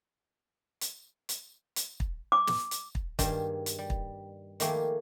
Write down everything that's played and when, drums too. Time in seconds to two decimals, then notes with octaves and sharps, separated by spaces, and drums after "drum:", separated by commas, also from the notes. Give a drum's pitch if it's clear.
0.81 drum: hi-hat
1.29 drum: hi-hat
1.76 drum: hi-hat
2.00 drum: kick
2.32 D6
2.47 drum: snare
2.71 drum: hi-hat
2.95 drum: kick
3.19 G2 D#3 A#3 G#4 G5 A5, drum: kick, hi-hat
3.66 drum: hi-hat
3.79 G3
3.90 drum: kick
4.60 D#3 F3 A3 A#3 G4 G#4, drum: hi-hat